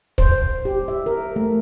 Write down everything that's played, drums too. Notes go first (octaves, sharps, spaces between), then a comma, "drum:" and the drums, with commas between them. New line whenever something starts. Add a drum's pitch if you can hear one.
C5, drum: kick
G4
E5
A#4
A3